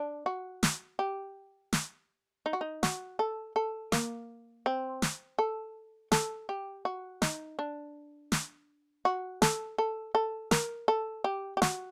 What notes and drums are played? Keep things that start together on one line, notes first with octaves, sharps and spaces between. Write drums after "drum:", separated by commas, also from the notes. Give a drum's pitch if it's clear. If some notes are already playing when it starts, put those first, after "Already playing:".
Already playing: D4
F#4
drum: snare
G4
drum: snare
D#4
F#4
D#4
F#4, drum: snare
A4
A4
A#3, drum: snare
C4
drum: snare
A4
A4, drum: snare
G4
F#4
D#4, drum: snare
D4
drum: snare
F#4
A4, drum: snare
A4
A4
A#4, drum: snare
A4
G4
G4
F#4, drum: snare